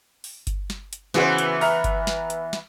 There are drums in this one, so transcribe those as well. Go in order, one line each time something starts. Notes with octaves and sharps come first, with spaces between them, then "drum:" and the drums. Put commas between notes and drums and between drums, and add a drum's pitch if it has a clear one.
drum: open hi-hat
drum: kick G1, hi-hat
drum: snare
drum: hi-hat
C#3 E3 B3 F#4 C5, drum: snare
drum: hi-hat
E5 A#5 F6, drum: open hi-hat
drum: kick G1, hi-hat
drum: snare
drum: hi-hat
drum: snare